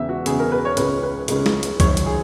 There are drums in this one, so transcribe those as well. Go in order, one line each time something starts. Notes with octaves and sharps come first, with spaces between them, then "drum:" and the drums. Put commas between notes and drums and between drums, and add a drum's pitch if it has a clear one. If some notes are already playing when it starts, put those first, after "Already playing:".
Already playing: E1 E2 C#3 E5
F#4
E1 E2 C#3 G#4, drum: hi-hat
A#4
B4
C#5
C#2 C#3 G#3 C#4 B4, drum: hi-hat
B4
C#2 C#3 G#3 C#4, drum: hi-hat
drum: snare
drum: hi-hat
F#1 F#2 D#3 C#5, drum: kick C2, hi-hat
drum: hi-hat
G#4